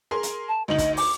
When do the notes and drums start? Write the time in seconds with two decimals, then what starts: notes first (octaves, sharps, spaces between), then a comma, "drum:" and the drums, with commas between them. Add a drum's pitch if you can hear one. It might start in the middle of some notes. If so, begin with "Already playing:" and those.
0.11 G#4 A#4 C6
0.23 drum: hi-hat
0.48 A5
0.68 D2 D#4 D#5 F#7
0.78 drum: kick, hi-hat
0.97 D6, drum: open hi-hat